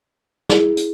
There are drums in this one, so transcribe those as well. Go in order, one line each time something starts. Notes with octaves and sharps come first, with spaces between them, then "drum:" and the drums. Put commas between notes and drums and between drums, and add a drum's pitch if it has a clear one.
E4 G#4, drum: snare
drum: hi-hat